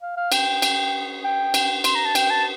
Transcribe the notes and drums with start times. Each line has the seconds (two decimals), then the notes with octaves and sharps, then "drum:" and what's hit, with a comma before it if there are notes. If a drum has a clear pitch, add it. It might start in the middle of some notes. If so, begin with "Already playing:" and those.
0.02 F5
0.17 F5
0.32 G5, drum: cymbal
0.62 drum: cymbal
1.24 G5
1.54 drum: cymbal
1.84 C6, drum: cymbal
1.95 A#5
2.05 A5
2.15 G5, drum: cymbal
2.30 A5